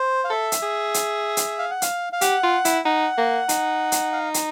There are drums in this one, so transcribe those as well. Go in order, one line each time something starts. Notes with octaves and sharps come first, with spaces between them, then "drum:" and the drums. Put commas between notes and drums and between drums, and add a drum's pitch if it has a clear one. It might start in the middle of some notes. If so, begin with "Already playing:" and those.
Already playing: C5
F5
A4 E5
drum: hi-hat
G#4
drum: hi-hat
drum: hi-hat
F5
F#5
F5, drum: hi-hat
F5
G4 F#5, drum: hi-hat
F4
E4, drum: hi-hat
D#4 F#5
A#3
D#4, drum: hi-hat
drum: hi-hat
F5
drum: hi-hat